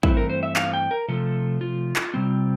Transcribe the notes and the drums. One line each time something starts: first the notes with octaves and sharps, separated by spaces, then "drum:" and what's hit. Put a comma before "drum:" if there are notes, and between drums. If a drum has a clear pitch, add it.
G2 E3 A3 C4 E4, drum: kick
A#4
C5
E5
F5, drum: clap
G5
A#4
C3 F3 A3 A4
F4
drum: clap
C3 G3 C4